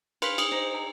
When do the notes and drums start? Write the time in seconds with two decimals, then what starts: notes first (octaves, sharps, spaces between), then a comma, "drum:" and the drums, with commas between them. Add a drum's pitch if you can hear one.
0.22 B4 F5 C6 B6, drum: cymbal
0.38 D#6, drum: cymbal
0.52 D#4 C5
0.74 A#5